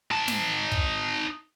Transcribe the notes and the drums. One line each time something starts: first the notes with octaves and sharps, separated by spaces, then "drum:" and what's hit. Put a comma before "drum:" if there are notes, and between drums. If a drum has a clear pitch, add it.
D#4 A5
drum: snare
drum: kick